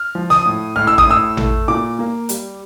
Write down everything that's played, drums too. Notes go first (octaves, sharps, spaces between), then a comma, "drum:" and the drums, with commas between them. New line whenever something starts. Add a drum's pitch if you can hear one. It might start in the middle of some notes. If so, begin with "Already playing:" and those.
Already playing: F6
F3
D#6, drum: snare
A2
A2 F6
E6
D#6, drum: kick
A2 E6
A3, drum: tom A1
A#2 D6
A#3
G3, drum: hi-hat